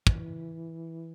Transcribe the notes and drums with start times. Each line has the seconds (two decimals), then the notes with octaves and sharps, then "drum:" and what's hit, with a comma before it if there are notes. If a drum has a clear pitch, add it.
0.07 E3, drum: kick